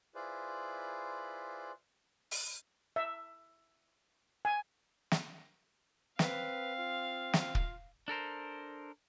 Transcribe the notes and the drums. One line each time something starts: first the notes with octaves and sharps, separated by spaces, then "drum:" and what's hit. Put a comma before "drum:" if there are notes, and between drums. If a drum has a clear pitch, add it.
E4 F4 G#4 B4 C5 D5
drum: open hi-hat
E5
G#5
drum: snare
C4 B4 F5, drum: snare
F4
drum: snare
drum: kick
D4 A4 A#4 C5